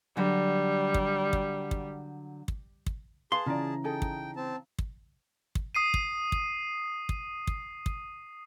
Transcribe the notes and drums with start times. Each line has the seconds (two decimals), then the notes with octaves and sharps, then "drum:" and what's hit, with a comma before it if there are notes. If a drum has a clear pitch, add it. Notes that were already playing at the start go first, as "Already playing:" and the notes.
0.17 D3 F#3 G3
0.94 drum: kick
1.33 drum: kick
1.71 drum: kick
2.48 drum: kick
2.86 drum: kick
3.32 G#4 B4 F5 A5 C6
3.46 C#3 E3 F4 D5 A#5
3.84 D#4 G#4 A4 G5
4.02 drum: kick
4.36 C4 A5
4.79 drum: kick
5.55 drum: kick
5.75 D#6 C7 D#7
5.94 drum: kick
6.32 drum: kick
7.09 drum: kick
7.47 drum: kick
7.86 drum: kick